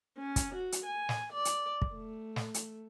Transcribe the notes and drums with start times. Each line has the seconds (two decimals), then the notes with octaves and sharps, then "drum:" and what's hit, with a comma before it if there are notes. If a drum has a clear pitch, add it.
0.18 C#4
0.36 drum: kick, hi-hat
0.55 F#4
0.72 drum: hi-hat
0.85 G#5
1.09 drum: snare
1.33 D5
1.45 drum: hi-hat
1.82 drum: kick
1.93 A3
2.36 drum: snare
2.54 drum: hi-hat